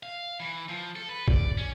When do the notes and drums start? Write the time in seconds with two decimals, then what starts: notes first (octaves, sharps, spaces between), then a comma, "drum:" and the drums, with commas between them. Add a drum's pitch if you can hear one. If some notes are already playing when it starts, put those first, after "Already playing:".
0.03 F5
0.40 E3
0.69 F3
0.96 A4
1.09 B4
1.28 D5, drum: kick
1.58 C#4